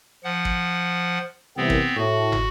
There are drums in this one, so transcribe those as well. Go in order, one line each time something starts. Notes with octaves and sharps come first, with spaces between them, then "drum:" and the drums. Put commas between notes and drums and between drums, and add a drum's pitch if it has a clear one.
F3 F#5
drum: kick
C2 E3 B3 C4 A#4
drum: kick
A2 F#4
drum: tom